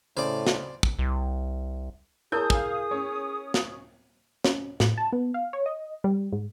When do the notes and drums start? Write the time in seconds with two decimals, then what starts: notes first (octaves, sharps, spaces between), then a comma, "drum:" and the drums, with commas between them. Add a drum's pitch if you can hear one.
0.17 A2 C#3 C5 D5
0.47 drum: snare
0.83 drum: kick
0.99 C2
2.32 E4 G#4 A#4 C#5 A5 D#6 G6
2.50 F5 G#5, drum: kick
2.91 C#4 C#5
3.54 drum: snare
4.44 C#4, drum: snare
4.80 A2, drum: snare
4.98 A5
5.12 B3
5.34 F5
5.53 C#5
5.66 D#5
6.04 G3
6.32 G#2